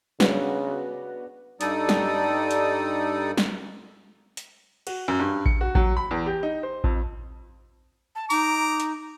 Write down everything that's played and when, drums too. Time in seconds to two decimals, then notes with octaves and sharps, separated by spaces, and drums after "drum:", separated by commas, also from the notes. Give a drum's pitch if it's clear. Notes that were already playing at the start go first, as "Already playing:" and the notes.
0.20 C#3 B3 D4 F#4, drum: snare
1.61 G2 G3 D#4 A4 D5 D#6, drum: hi-hat
1.89 drum: snare
2.51 drum: hi-hat
3.37 drum: snare
4.37 drum: hi-hat
4.87 F#4, drum: cymbal
5.08 F#2
5.19 G2
5.46 C#7, drum: kick A1
5.61 F#4
5.75 F#3, drum: kick A1
5.97 B5
6.11 E2
6.26 G4
6.43 D#4
6.63 C5
6.84 F2, drum: kick A1
8.15 A5
8.30 D#4 A#5 D6, drum: tambourine
8.80 drum: hi-hat